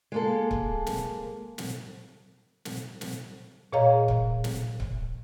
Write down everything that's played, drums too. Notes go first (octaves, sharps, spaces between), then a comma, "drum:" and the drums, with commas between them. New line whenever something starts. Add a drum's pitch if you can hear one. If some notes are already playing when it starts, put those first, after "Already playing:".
G#3 A#3 A4
drum: kick C#1
drum: snare
drum: snare
drum: snare
drum: snare
A#2 G#4 C#5 D#5 F5 A#5
drum: kick C#1
drum: snare
drum: kick C#1